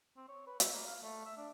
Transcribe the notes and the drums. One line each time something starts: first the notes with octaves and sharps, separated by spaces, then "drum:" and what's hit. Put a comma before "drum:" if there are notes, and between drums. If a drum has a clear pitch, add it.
C4
C#5
B4
E5, drum: hi-hat
A#3
F5
A3
E5
D4